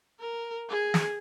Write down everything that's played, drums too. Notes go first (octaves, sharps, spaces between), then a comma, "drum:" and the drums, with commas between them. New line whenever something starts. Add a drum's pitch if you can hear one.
A#4
G#4
drum: snare